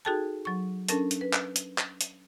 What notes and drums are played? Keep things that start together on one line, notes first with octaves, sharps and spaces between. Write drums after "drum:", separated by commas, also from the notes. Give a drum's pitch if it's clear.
D#4 F#4 G#4 A4 G5 A5
F#3 C#6
C#4 D4 A4 A#4 A5, drum: hi-hat
drum: hi-hat
B4
drum: clap
drum: hi-hat
drum: clap
drum: hi-hat